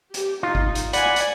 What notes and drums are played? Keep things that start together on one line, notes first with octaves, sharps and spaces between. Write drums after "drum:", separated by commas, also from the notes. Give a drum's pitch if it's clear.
G4, drum: hi-hat
D#4 F4
drum: kick G#1
drum: hi-hat
D5 F#5 G#5 B5, drum: hi-hat
drum: hi-hat